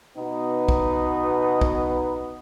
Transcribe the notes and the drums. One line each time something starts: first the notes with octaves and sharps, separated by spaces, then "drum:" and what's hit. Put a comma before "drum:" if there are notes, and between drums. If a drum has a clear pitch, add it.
B2 B3 D#4
drum: kick
drum: kick